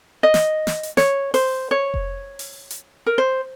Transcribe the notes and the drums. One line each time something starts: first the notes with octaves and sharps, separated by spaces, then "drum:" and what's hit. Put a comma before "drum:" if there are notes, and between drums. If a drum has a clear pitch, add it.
D#5
drum: snare
drum: snare
drum: hi-hat
C#5, drum: snare
C5, drum: open hi-hat
C#5
drum: kick F1
drum: open hi-hat
drum: hi-hat
A#4
C5